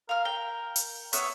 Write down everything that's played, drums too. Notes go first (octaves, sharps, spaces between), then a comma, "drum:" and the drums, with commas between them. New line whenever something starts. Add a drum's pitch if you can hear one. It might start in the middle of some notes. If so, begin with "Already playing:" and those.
A#4 F5 F6
G5
drum: hi-hat
B3 C#5 E5 E6, drum: hi-hat